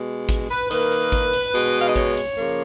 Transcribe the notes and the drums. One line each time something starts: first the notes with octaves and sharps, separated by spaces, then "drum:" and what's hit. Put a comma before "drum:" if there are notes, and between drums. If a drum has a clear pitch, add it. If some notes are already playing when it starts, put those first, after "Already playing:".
Already playing: B2 G#3
drum: kick G#1, hi-hat
B4
D#3 A#3 B4, drum: hi-hat
drum: hi-hat
drum: kick G#1, hi-hat
drum: hi-hat
B2 G#3, drum: hi-hat
F5
D#5
C#5, drum: kick G#1, hi-hat
drum: hi-hat
C#3 F3 A#3